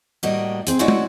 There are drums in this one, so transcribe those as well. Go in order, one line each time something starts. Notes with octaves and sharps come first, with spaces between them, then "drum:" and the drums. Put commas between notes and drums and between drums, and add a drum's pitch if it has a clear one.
A2 G3 A#3 F#4 D#5
C4 G#4, drum: hi-hat
G#3 A3 C#4 E4 F#4 D5
drum: tom